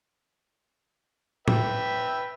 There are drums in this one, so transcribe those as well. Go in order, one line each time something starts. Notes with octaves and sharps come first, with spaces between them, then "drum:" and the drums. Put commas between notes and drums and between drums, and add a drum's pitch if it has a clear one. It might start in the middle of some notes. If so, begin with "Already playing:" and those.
B4 E5 G5, drum: tom A2